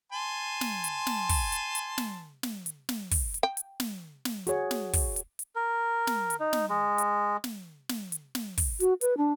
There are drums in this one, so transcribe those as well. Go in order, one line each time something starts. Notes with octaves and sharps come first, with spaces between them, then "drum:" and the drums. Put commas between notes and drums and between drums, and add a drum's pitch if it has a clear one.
G#5 A5 C6
drum: snare
drum: hi-hat
drum: snare
drum: kick, open hi-hat
drum: hi-hat
drum: hi-hat
drum: snare
drum: snare
drum: hi-hat
drum: snare
drum: kick, open hi-hat
drum: hi-hat
G5
drum: hi-hat
drum: snare
drum: snare
F#4 G#4 C#5, drum: hi-hat
drum: snare
drum: kick, open hi-hat
drum: hi-hat
drum: hi-hat
A#4
drum: snare
drum: hi-hat
D#4
drum: snare
G#3
drum: hi-hat
drum: snare
drum: snare
drum: hi-hat
drum: snare
drum: kick, open hi-hat
F#4, drum: hi-hat
B4, drum: hi-hat
D4